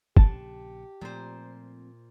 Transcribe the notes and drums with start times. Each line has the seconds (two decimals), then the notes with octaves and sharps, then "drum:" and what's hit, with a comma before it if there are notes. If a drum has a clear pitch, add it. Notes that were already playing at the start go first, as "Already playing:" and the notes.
0.17 A#1 C#3 G4 A5, drum: kick
1.01 A#2 F3 A3 C4 C5